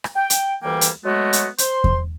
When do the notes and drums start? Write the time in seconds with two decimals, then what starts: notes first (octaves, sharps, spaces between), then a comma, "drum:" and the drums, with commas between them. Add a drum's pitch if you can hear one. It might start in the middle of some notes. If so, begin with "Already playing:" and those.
0.04 drum: rim click
0.16 G5
0.30 drum: hi-hat
0.62 D2 E3 G3 A#3 G5
0.81 drum: hi-hat
1.04 F#3 G#3 A3 B3 F#4
1.33 drum: hi-hat
1.58 C5 C6, drum: hi-hat
1.84 drum: kick E2